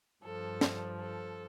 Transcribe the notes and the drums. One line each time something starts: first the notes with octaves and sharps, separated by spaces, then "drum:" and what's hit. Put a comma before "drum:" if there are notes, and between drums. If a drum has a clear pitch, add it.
G2 F3 A4
drum: snare
A4